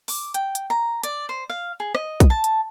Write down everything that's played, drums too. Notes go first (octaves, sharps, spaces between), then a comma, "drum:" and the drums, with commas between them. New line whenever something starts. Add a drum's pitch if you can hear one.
D6, drum: open hi-hat
G5, drum: hi-hat
drum: hi-hat
A#5
D5, drum: hi-hat
C5
F5
G#4
D#5, drum: rim click
drum: kick A#1, hi-hat
A5
drum: hi-hat